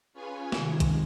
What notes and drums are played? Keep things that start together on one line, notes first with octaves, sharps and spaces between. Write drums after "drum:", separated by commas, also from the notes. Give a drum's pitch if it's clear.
C#4 F4 G#4 B4 C#5 G#5
C3 D#3 G#3, drum: snare
drum: kick, hi-hat